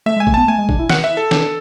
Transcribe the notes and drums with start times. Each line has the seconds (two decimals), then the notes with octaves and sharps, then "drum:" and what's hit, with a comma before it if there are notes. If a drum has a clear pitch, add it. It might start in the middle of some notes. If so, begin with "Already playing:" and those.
0.06 A3 E5
0.16 G#3
0.20 G#5
0.27 A3, drum: kick
0.34 B3 A5
0.48 A3 G#5
0.58 G#3
0.69 D4, drum: kick
0.79 E4
0.89 F#4 F#5, drum: snare
1.04 E5
1.10 E4
1.17 A4
1.31 D4, drum: snare